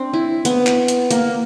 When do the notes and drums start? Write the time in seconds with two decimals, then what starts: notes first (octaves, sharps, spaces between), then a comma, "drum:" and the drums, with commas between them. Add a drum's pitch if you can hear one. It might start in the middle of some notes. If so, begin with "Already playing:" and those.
Already playing: C4 D4
0.13 E4
0.45 B3, drum: hi-hat
0.67 drum: clap
0.88 drum: hi-hat
1.11 A#3, drum: hi-hat